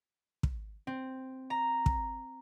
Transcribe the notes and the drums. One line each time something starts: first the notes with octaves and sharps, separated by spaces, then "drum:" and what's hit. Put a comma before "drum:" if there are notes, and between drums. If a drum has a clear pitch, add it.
drum: kick
C4
A#5
drum: kick